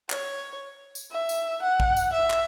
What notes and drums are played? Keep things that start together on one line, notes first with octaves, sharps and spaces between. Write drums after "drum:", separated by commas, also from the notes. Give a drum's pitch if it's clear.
C#5, drum: clap
drum: tambourine
E5
drum: tambourine
F#5
drum: kick
drum: tambourine
E5
drum: clap